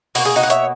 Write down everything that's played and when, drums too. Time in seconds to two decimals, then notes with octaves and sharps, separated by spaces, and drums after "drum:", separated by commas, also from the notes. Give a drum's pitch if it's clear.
0.15 B2 A#3 F#4, drum: open hi-hat
0.25 G#4
0.36 D#4 F#4
0.43 F#5
0.50 C#5 E5, drum: hi-hat